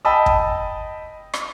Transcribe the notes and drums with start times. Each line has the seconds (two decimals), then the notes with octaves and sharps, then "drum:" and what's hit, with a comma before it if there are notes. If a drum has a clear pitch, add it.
0.05 D#5 G5 A5 B5 D#6 E6
0.26 drum: kick
1.34 drum: rim click